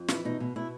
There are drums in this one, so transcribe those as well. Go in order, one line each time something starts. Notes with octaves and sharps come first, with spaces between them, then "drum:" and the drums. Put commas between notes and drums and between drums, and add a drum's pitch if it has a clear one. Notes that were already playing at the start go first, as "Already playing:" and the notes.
Already playing: F2
E3 E4, drum: snare
B2 D#4
B2
B2 E4